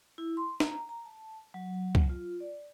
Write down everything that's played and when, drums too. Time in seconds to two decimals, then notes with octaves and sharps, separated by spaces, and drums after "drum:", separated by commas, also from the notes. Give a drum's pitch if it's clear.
0.18 E4
0.37 C6
0.60 A#5, drum: snare D4
0.89 A#5
1.05 A5
1.54 F#3
1.95 drum: kick
2.10 F4
2.40 D5